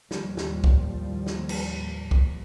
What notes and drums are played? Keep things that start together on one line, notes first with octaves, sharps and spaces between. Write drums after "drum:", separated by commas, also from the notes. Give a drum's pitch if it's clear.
D#2 A2 F3 G3, drum: snare
drum: snare
drum: kick C2
drum: snare
drum: cymbal
drum: kick C2